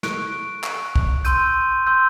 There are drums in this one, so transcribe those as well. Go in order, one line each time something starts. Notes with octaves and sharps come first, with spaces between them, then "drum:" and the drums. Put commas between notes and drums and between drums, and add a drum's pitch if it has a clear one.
C#6 F#6 D7, drum: snare
C#6 F#6, drum: clap
drum: kick
C6 E6 G6 D#7, drum: hi-hat
C6 E6 G6